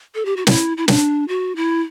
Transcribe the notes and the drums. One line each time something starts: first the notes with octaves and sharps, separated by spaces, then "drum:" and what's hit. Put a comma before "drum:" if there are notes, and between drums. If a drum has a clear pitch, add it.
A4
G4
F#4
E4, drum: snare
E4
D4, drum: snare
F#4
E4